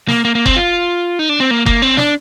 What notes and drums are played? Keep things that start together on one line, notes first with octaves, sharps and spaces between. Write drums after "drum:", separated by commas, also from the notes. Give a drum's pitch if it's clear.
A#3, drum: snare
A#3
A#3
C4, drum: kick F#1
F4
D#4
D4
C4
A#3
A#3, drum: kick F#1
C4
D4, drum: snare